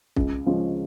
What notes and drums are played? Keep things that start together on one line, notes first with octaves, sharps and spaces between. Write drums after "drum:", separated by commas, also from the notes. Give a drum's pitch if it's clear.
C#2, drum: kick
C#3 F3 G#3 C#4